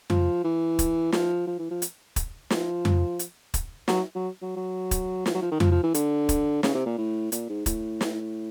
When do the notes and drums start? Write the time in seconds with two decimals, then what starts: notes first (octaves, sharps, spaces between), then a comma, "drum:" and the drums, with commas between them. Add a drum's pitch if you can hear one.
0.10 F3, drum: tom F2
0.44 E3
0.79 drum: kick, hi-hat
1.12 F3, drum: snare
1.47 F3
1.59 E3
1.71 F3
1.82 drum: hi-hat
2.16 drum: kick, hi-hat
2.50 F3, drum: snare
2.85 drum: tom F2
3.19 drum: hi-hat
3.54 drum: kick, hi-hat
3.88 F#3, drum: snare
4.15 F#3
4.42 F#3
4.56 F#3
4.91 drum: kick, hi-hat
5.26 F3, drum: snare
5.34 F#3
5.42 F3
5.51 D#3
5.60 F3, drum: tom F2
5.72 F3
5.83 E3
5.94 D3, drum: hi-hat
6.29 drum: kick, hi-hat
6.63 C#3, drum: snare
6.74 C3
6.86 A#2
6.98 A2
7.32 A#2, drum: hi-hat
7.49 G#2
7.66 A2, drum: kick, hi-hat
8.01 drum: snare